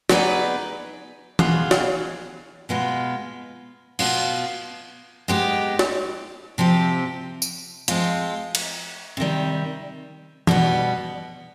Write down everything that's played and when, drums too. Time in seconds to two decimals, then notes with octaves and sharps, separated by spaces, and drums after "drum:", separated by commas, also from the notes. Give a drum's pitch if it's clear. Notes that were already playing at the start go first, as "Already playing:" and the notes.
0.09 B3 D#4 G#4 B4 D5, drum: snare
1.39 B2 B3 F4 G#4, drum: tom E3
1.71 drum: snare
2.69 B2 G#3 B3 F4 B4
3.99 B2 B3 F4, drum: cymbal
5.28 G#3 B3 D#4 G4
5.79 drum: snare
6.58 C3 F3 C4 G4
7.42 drum: tambourine
7.88 F3 G#3 C4 F4, drum: hi-hat
8.55 drum: cymbal
9.17 C3 D#3 G3
10.47 B2 G3 B3, drum: tom E3